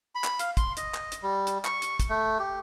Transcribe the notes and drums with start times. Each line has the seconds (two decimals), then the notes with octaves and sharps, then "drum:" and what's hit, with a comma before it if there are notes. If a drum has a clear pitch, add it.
0.15 B5
0.24 drum: clap
0.39 F5, drum: hi-hat
0.57 C6, drum: kick, hi-hat
0.77 D#5, drum: hi-hat
0.94 drum: clap
1.12 drum: hi-hat
1.22 G3
1.47 drum: hi-hat
1.65 C#6, drum: clap
1.82 drum: hi-hat
2.00 drum: kick, hi-hat
2.09 A3
2.39 G4